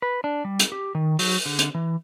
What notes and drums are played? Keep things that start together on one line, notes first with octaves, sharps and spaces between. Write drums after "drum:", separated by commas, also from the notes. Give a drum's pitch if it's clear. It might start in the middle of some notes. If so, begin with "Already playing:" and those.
B4
D4
G3
drum: hi-hat
G4
D#3
F#3, drum: open hi-hat
D3
drum: hi-hat
E3